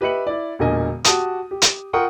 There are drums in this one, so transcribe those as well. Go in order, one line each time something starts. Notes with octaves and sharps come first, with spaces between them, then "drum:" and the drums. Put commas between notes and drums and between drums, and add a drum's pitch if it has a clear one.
G4 B4 D#5 E5 C#7 F#7
E4 D5
E1 A#2 D3 A#4 D#5 G#5
F#4 G4 A5 D#6, drum: hi-hat
G4
drum: hi-hat
F4 A#4 F#5 G5 C#6 D#6